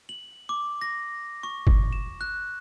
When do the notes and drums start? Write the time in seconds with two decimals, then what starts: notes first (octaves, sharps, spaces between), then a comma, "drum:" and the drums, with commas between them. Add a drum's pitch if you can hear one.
0.09 F#7
0.49 D6
0.81 A#6
1.43 C#6
1.67 drum: kick G1
1.93 E7
2.21 F#6